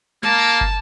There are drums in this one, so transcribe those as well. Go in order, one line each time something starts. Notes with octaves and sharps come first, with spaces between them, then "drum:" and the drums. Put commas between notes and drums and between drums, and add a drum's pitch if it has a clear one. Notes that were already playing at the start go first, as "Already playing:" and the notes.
A#3 A5, drum: snare
drum: kick